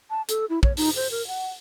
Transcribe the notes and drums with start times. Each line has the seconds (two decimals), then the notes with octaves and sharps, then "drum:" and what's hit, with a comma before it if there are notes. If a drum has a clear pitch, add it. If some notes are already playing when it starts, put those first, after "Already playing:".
0.10 A5
0.29 A4, drum: hi-hat
0.49 E4
0.63 C#5, drum: kick
0.77 D#4, drum: open hi-hat
0.96 C5
1.11 A#4
1.27 F#5